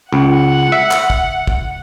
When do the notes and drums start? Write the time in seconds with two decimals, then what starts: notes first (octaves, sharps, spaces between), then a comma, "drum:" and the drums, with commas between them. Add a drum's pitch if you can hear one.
0.13 C#2 F#5
0.72 E5
0.91 drum: clap
1.10 drum: kick
1.47 drum: kick